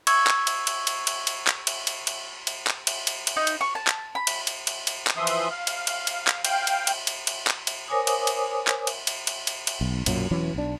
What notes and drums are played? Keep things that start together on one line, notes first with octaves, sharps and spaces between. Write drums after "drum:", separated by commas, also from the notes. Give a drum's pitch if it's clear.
C#6 E6 G#6, drum: cymbal
drum: clap
drum: cymbal
drum: cymbal
drum: cymbal
drum: cymbal
drum: cymbal
drum: clap
drum: cymbal
drum: cymbal
drum: cymbal
drum: cymbal
drum: clap
drum: cymbal
drum: cymbal
drum: cymbal
D#4
drum: cymbal
C#6
A5
drum: clap
B5
drum: cymbal
drum: cymbal
drum: cymbal
drum: cymbal
drum: clap
E3 F3 E5 C6 D#6
drum: cymbal
F5
drum: cymbal
drum: cymbal
drum: cymbal
drum: clap
F5 G5, drum: cymbal
drum: cymbal
drum: cymbal
drum: cymbal
drum: cymbal
drum: clap
drum: cymbal
A#4 C5 C#5 G#5 D6 D#6
drum: cymbal
drum: cymbal
drum: clap
drum: cymbal
drum: cymbal
drum: cymbal
drum: cymbal
drum: cymbal
B1
B1 F#2 A#2 F#3, drum: cymbal
E1 E3 F#3 C#4
B1 D4